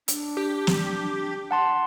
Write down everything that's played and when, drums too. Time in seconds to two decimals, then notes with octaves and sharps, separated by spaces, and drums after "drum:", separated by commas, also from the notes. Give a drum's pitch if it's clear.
0.08 D4, drum: hi-hat
0.37 G4
0.67 drum: snare
1.51 F#5 A5 C6